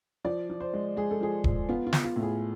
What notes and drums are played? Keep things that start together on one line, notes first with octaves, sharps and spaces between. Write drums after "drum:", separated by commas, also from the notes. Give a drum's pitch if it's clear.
F3 D5
F3
C5
G#3
G#3 G#4
A4
F3 G#4
F3, drum: kick
B3 F4
F4
B3, drum: snare
F4
A2
G#4